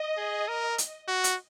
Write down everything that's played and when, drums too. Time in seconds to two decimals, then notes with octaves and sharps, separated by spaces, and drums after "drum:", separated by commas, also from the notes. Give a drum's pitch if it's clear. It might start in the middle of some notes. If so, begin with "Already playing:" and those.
Already playing: D#5
0.17 G#4
0.48 A#4
0.78 drum: hi-hat
1.08 F#4
1.24 drum: hi-hat